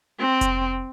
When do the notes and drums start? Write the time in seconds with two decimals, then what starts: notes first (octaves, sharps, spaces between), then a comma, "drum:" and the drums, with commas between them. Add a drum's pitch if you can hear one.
0.19 C4
0.41 drum: kick F1, hi-hat